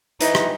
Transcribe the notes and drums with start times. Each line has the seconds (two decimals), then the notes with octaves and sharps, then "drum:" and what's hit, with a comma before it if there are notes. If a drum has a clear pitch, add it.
0.21 E3 D#4, drum: hi-hat
0.35 drum: rim click